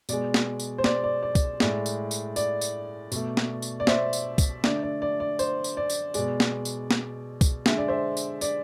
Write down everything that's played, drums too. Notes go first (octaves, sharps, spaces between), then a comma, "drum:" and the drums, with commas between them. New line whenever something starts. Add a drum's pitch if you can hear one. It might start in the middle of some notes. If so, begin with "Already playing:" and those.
B2 G#3 D5, drum: tambourine
drum: snare
drum: tambourine
C5
D5, drum: snare
D5
D5
drum: kick C2, tambourine
A2 G#3 D5, drum: snare
drum: tambourine
drum: tambourine
D5, drum: tambourine
drum: tambourine
B2 A3, drum: tambourine
drum: snare
drum: tambourine
D5
C5 E5, drum: snare
drum: tambourine
drum: kick C2, tambourine
D3 A3 D5, drum: snare
D5
D5
D5
C5, drum: tambourine
drum: tambourine
D5
drum: tambourine
B2 G#3 D5, drum: tambourine
drum: snare
drum: tambourine
drum: snare
drum: kick C2, tambourine
D3 G#3 E5, drum: snare
D5
C5 E5
drum: tambourine
D5, drum: tambourine